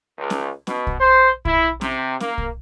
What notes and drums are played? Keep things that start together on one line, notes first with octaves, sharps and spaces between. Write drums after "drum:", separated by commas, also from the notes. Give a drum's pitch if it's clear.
C#2
drum: snare
B2, drum: snare
drum: kick
C5
E4, drum: kick
C3, drum: snare
A#3, drum: snare
drum: kick